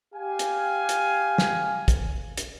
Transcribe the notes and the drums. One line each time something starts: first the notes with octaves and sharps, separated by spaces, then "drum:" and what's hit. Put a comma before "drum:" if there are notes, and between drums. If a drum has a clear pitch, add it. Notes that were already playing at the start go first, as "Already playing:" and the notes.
G4 F5 G#5
drum: hi-hat
drum: hi-hat
drum: snare
drum: kick, hi-hat
drum: hi-hat